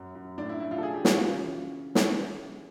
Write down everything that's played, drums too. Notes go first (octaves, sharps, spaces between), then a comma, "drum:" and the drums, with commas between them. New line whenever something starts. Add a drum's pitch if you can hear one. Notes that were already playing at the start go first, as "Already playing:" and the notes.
Already playing: F#2
F#2
A2 D4
E4
A2 E4
F4
A4
C#3 G#4
G4
C#3 F#4, drum: snare
F4
E3 C#4
drum: snare